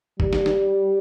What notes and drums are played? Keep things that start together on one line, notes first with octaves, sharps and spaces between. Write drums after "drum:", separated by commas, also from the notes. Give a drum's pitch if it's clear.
G3, drum: kick G1
drum: snare
drum: snare